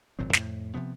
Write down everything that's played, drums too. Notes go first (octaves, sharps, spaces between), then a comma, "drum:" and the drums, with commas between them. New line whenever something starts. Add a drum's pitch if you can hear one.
G#1 A#2 F#3 C4
F2 A2, drum: snare
C3 F3 B3